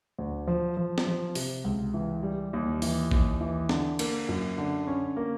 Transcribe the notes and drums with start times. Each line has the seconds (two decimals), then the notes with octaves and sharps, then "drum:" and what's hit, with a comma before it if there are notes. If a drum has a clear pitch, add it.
0.19 D2
0.48 F3
0.77 F3
0.98 drum: snare
1.07 F3
1.35 C3, drum: open hi-hat
1.64 C#2
1.94 E3
2.23 G3
2.53 D#2
2.82 E3, drum: open hi-hat
3.11 D#2, drum: kick
3.41 E3
3.69 D3, drum: snare
3.99 A#3, drum: cymbal
4.29 F#2
4.58 D3
4.87 C#4
5.17 A#3